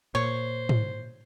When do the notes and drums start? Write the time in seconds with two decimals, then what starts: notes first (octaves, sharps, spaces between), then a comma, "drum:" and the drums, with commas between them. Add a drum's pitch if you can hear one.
0.15 A#2 C5 C#5
0.69 drum: tom G#2